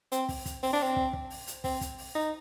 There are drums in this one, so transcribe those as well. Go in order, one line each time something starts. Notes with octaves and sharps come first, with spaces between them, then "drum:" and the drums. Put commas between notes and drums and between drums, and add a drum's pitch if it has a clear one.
C4, drum: hi-hat
drum: kick, open hi-hat
drum: kick, hi-hat
C4, drum: open hi-hat
D4
C4
drum: kick
drum: kick
drum: open hi-hat
drum: hi-hat
C4, drum: kick, open hi-hat
drum: kick, hi-hat
drum: open hi-hat
D#4